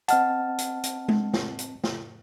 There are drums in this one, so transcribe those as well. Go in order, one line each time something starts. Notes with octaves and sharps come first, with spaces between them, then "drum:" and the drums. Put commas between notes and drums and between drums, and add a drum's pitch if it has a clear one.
C4 D#5 F#5 A5 F6, drum: hi-hat
drum: hi-hat
drum: hi-hat
drum: tom G#3
drum: snare
drum: hi-hat
drum: snare